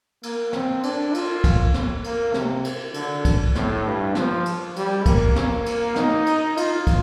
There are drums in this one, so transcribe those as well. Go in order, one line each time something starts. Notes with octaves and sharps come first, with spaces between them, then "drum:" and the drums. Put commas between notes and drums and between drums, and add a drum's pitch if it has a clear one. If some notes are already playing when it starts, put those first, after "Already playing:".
A#3, drum: cymbal
C4, drum: snare
D4, drum: cymbal
F4, drum: cymbal
drum: kick, cymbal
drum: snare
A#3, drum: cymbal
C3, drum: snare
drum: cymbal
D3, drum: cymbal
drum: kick, cymbal
A2, drum: snare
G2
F3, drum: snare
drum: cymbal
G3, drum: cymbal
A#3, drum: kick, cymbal
drum: snare
drum: cymbal
D#4, drum: snare
drum: cymbal
F4, drum: cymbal
drum: kick, cymbal